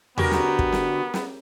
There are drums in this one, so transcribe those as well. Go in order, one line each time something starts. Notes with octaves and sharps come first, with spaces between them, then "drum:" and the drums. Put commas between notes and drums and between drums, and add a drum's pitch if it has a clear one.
D3 B3 F#4 G4 A#4 G#5, drum: tom E2
drum: snare
drum: kick
drum: snare
drum: snare